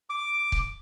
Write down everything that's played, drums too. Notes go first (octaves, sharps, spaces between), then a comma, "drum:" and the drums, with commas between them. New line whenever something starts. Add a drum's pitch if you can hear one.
D6
drum: kick